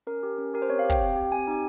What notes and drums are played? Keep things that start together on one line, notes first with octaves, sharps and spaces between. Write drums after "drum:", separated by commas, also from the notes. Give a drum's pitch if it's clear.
C#4 A#4
G4
C#4
G4 A#4
C5
C4 C#5
F5
G4
G5, drum: kick
C4
G4
C4 G#5
D#4 G4